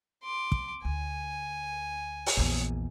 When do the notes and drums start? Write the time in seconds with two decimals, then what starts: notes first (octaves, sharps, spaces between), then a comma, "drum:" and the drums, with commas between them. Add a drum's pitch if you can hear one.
0.24 C6 D6
0.52 drum: kick
0.85 D2 G#5
2.26 drum: open hi-hat
2.37 A#1 E2